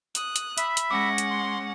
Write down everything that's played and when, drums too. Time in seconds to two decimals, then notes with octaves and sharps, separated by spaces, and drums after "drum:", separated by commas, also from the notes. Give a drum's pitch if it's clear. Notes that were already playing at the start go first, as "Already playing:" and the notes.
0.15 D#6 F#6, drum: hi-hat
0.36 drum: hi-hat
0.58 E5 B5, drum: hi-hat
0.77 drum: hi-hat
0.91 G#3 C#4 F#5 D6 A#6
1.18 drum: hi-hat
1.30 C6